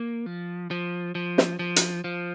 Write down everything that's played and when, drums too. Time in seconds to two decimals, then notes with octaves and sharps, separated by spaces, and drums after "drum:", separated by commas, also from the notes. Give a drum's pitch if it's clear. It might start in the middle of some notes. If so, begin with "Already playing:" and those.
Already playing: A#3
0.26 F3
0.71 F3
1.15 F3
1.38 drum: snare
1.59 F3
1.76 drum: hi-hat
2.04 F3